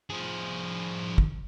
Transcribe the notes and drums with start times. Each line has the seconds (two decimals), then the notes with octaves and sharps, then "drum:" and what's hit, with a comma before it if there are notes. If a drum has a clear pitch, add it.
0.10 F3 G#4
1.18 drum: kick